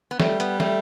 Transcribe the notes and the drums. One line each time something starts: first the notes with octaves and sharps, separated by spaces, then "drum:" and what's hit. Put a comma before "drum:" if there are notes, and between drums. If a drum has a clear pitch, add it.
B3
G3 A3, drum: snare
B3, drum: hi-hat
A3, drum: snare